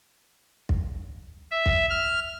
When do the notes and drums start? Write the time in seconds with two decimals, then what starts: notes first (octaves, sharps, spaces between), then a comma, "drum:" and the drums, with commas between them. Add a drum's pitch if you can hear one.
0.69 drum: kick
1.51 E5
1.66 drum: kick
1.90 F6